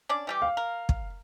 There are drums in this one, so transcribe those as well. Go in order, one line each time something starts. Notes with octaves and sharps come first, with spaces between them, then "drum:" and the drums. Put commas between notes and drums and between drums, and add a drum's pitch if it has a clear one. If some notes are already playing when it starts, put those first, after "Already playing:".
C#4 D4 D5
E3 G3 G4
F5
A#4
drum: kick